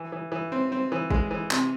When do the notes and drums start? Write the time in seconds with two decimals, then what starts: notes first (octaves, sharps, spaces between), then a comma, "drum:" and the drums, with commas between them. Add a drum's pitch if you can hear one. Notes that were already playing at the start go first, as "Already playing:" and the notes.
Already playing: E3
0.12 E3
0.32 E3
0.52 C4
0.72 C4
0.92 E3
1.10 G#3, drum: kick
1.31 E3
1.51 C3, drum: clap